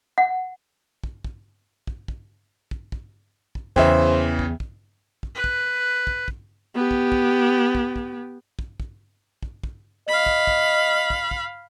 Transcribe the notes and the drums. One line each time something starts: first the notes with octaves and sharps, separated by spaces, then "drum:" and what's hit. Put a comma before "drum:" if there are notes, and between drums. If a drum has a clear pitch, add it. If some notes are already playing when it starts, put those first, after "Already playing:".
F#5
drum: kick
drum: kick
drum: kick
drum: kick
drum: kick
drum: kick
drum: kick
E2 C#3 E3 C5 E5 G5, drum: kick
drum: kick
drum: kick
drum: kick
B4
drum: kick
drum: kick
drum: kick
B3 G4
drum: kick
drum: kick
drum: kick
drum: kick
drum: kick
drum: kick
drum: kick
drum: kick
D#5 F5 B5
drum: kick
drum: kick
drum: kick
drum: kick